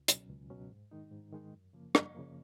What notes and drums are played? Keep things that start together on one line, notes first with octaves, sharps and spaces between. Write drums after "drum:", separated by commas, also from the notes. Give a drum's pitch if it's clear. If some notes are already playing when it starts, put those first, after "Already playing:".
Already playing: C#2
B2 F#3 C#4, drum: hi-hat
C#2
B2 F#3 C#4
G#2
D#3 G#3 D#4
G#2
D#3 G#3 D#4
F#2
C#3 F3 A#3
F#2, drum: rim click
C#3 F3 A#3